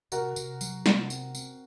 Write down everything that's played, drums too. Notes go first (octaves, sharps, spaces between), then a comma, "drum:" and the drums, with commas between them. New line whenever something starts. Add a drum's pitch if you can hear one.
C3 F#4 A#4, drum: tambourine
C3, drum: tambourine
F#3, drum: tambourine
C3, drum: snare
C4, drum: tambourine
C4, drum: tambourine